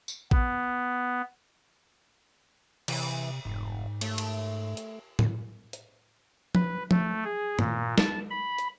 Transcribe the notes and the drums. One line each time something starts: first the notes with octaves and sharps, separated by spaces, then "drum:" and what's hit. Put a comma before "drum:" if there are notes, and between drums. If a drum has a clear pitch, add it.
drum: tambourine
B3, drum: kick
C3 E3, drum: cymbal
F1 G#2
A3, drum: cymbal
drum: cymbal
drum: hi-hat
E2 D3, drum: tom A2
drum: hi-hat
B4, drum: tom F3
A3, drum: tom F3
G#4
A#2, drum: tom
A5, drum: snare
B5
drum: hi-hat